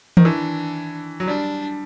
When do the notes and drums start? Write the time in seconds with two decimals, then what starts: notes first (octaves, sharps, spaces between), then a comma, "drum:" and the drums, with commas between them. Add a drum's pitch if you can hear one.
0.17 D#3, drum: tom E3
0.25 E3 D4
1.20 F#3
1.28 G3 D4